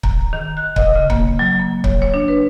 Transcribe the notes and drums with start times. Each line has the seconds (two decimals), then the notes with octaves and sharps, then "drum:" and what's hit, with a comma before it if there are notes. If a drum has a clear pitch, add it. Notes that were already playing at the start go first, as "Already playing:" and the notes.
0.03 A#5, drum: kick C#1
0.33 D#3
0.57 F#6
0.76 D#5, drum: kick C#1
0.96 C#3
1.10 A#3, drum: kick C#1
1.39 F#3
1.59 A#3
1.84 C#5, drum: kick C#1
2.02 C#5
2.14 D4
2.28 B4